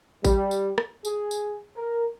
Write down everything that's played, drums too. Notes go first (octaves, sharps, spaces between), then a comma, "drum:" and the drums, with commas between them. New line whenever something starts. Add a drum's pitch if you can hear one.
G3, drum: kick A1, tambourine
drum: tambourine
drum: rim click
G#4, drum: tambourine
drum: tambourine
A#4